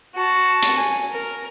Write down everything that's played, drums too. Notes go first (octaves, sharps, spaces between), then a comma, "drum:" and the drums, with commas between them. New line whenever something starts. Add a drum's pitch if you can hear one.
F#4 A5
drum: hi-hat
G#5
A#4